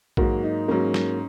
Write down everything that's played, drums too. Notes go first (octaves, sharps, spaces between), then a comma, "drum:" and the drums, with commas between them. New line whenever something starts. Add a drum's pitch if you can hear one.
G#2 F#3 A#3 F#4, drum: kick A#1
D#4
G#2 F#3 A#3 C#4
drum: snare